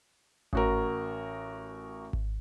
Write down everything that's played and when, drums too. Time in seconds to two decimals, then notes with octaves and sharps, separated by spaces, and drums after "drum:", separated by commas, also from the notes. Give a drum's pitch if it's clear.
0.53 A1 F#4 A#4, drum: kick G#1
2.13 drum: kick G#1